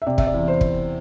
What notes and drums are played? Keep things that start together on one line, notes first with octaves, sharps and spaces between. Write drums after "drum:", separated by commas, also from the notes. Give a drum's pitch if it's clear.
E5
C3 D5
E5, drum: kick
D5
E2
C5
drum: kick